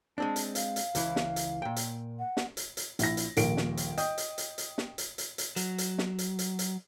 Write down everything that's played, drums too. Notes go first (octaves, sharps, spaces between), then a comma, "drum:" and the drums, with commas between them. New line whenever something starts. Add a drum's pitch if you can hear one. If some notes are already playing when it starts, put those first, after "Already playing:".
G#3 C4 D4 A5
drum: hi-hat
F5, drum: hi-hat
drum: hi-hat
C#2 E3 E4, drum: hi-hat
drum: snare
drum: hi-hat
A#2 G5
drum: hi-hat
F#5
drum: snare
drum: hi-hat
drum: hi-hat
A#1 E4 A#6, drum: hi-hat
drum: hi-hat
D#1 A#1 A#4 D7, drum: hi-hat
drum: snare
drum: hi-hat
D#5 G5 D#6 G6, drum: hi-hat
drum: hi-hat
drum: hi-hat
drum: hi-hat
drum: snare
drum: hi-hat
drum: hi-hat
drum: hi-hat
F#3, drum: hi-hat
drum: hi-hat
drum: snare
drum: hi-hat
drum: hi-hat
drum: hi-hat